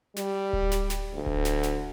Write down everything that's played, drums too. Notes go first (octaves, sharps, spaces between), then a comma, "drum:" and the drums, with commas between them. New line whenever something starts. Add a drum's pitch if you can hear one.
G3, drum: snare
drum: kick D1
drum: snare
drum: snare
D2
drum: kick D1
drum: snare
drum: snare